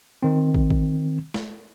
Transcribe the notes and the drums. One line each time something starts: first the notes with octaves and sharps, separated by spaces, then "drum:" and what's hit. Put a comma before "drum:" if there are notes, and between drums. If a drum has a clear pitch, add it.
D#3 C4
drum: kick
drum: kick
drum: snare